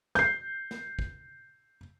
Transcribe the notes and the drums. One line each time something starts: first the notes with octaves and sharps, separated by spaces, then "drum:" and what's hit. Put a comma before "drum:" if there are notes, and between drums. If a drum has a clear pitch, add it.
G6 C7, drum: snare
drum: snare
drum: kick